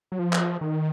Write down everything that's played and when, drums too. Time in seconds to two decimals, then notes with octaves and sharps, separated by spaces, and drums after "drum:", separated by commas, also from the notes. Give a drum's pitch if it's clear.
0.12 F#3
0.19 F3
0.33 drum: clap
0.61 D#3